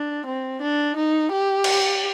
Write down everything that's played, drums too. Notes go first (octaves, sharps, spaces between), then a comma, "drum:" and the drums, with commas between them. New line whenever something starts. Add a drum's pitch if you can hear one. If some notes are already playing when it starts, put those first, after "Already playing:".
Already playing: D4
C4
D4
D#4
G4
drum: cymbal